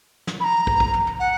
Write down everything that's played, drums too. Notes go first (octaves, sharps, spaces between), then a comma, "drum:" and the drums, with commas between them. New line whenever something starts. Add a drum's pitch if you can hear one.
drum: snare
B5
A#5
drum: kick
drum: kick
drum: tom
drum: tom
F#5